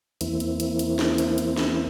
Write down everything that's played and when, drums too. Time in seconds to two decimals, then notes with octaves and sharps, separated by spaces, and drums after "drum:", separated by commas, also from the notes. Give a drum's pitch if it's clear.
0.21 E2 E3 A#3 C4 E4, drum: hi-hat
0.40 drum: hi-hat
0.60 drum: hi-hat
0.79 drum: hi-hat
0.99 drum: snare
1.18 drum: hi-hat
1.38 drum: hi-hat
1.57 drum: snare